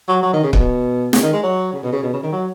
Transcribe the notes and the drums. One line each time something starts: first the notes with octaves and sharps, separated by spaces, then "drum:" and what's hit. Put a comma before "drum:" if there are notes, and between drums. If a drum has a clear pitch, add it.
F#3
F#3
D#3
C#3
B2, drum: kick
C#3, drum: snare
D#3
G#3
F#3
C#3
B2
C#3
B2
C#3
D#3
F#3